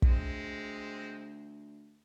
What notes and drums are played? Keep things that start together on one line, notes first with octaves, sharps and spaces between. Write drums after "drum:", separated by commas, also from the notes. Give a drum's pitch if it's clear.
D2 G#3 C4, drum: kick